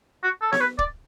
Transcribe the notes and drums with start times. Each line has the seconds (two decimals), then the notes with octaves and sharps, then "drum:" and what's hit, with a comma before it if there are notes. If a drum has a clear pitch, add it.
0.23 F#4
0.42 A4
0.53 C#5, drum: snare B3
0.61 B4
0.79 D5, drum: kick